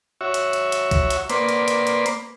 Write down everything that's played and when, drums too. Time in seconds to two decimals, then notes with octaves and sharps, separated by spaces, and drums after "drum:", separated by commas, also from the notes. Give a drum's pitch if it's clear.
0.21 F#4 C#5 E5
0.34 drum: hi-hat
0.53 drum: hi-hat
0.72 drum: hi-hat
0.91 drum: kick, hi-hat
1.10 drum: hi-hat
1.30 A#3 B4 C5 D5, drum: hi-hat
1.49 drum: hi-hat
1.68 drum: hi-hat
1.87 drum: hi-hat
2.06 drum: hi-hat